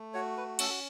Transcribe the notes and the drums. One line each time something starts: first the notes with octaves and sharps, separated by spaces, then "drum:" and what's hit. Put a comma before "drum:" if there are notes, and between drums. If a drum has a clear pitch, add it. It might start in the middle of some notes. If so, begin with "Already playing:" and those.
Already playing: A3
F#4 C#5
B4
C#4 A4, drum: cymbal
F#4